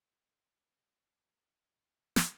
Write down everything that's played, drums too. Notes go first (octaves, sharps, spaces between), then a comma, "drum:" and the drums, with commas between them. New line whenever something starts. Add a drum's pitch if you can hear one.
F#2
F#3 D4 F#4 B4 C#5
F4
D5
drum: snare